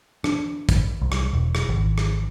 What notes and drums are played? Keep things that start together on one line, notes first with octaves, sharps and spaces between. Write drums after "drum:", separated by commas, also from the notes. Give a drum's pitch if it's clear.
D4, drum: rim click
drum: kick, hi-hat
C2
drum: rim click
E1
drum: rim click
G#1
drum: rim click